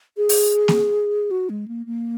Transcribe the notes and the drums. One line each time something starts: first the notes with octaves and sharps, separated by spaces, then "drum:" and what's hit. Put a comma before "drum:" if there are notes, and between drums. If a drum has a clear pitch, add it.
G#4
drum: open hi-hat
drum: snare A#3
F#4
G#3
A#3
A#3